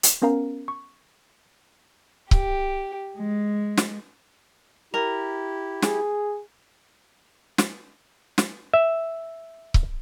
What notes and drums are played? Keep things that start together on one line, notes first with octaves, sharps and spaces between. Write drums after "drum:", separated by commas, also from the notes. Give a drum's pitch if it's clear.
drum: hi-hat
B3 C#4 A#4 F5 A#5
C#6
G4, drum: kick C#1
G#3
drum: snare
E4 G4 A#4
G#4, drum: snare
drum: snare
drum: snare
E5
drum: kick C#1